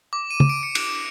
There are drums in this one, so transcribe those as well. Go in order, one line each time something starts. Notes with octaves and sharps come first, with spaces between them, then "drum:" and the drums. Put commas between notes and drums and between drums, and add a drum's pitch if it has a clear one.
D6
D#7
drum: tom C#3
D7
C#7
D7, drum: cymbal